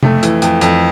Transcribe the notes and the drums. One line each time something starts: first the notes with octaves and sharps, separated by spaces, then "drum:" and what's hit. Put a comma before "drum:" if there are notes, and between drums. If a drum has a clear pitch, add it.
F2 A3, drum: tom C3
E3, drum: hi-hat
F2, drum: hi-hat
F2, drum: hi-hat